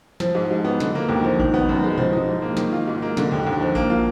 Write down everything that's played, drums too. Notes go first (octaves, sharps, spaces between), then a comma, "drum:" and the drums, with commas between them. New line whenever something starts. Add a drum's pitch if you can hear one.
F3, drum: snare
G#2
G#2
B3
D3, drum: snare
A#3
D#2
F3
D#3, drum: kick A1
B3
F#2
G#3
F3, drum: tom A#2
D#4
G#2
A#3
D#3, drum: snare
F4
G#2
A#3
D3, drum: snare
D#2
D#2
F3
A#3, drum: kick A1
F4